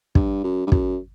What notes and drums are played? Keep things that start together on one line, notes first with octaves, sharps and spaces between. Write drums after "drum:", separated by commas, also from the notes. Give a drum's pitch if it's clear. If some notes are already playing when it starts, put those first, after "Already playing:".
G2, drum: kick
F#2
G2
F#2, drum: kick